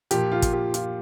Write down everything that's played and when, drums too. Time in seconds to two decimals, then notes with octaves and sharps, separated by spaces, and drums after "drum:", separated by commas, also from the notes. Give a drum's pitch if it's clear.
0.11 A#2 F3 G4, drum: hi-hat
0.32 F4
0.42 drum: kick, hi-hat
0.53 G4
0.74 F4, drum: hi-hat